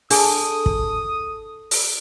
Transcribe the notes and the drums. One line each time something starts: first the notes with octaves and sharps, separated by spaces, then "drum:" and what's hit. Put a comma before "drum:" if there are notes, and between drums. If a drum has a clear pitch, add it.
D4 G#4 A4 D#6, drum: open hi-hat
drum: kick
drum: open hi-hat